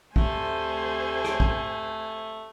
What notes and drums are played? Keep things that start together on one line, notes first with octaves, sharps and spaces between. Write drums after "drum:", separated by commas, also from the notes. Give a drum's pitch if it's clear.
D2 C3 A3 A4 C5 G#5, drum: kick
drum: rim click
drum: kick